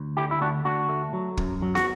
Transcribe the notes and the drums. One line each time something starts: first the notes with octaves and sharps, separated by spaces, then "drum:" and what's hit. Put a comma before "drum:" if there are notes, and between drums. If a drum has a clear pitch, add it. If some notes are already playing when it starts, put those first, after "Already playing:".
Already playing: D2
D3 E4 G4
E4
D2 D4 F#4
D2 D4 F#4
A3
F#3
F#2, drum: kick
F#3
F#4, drum: snare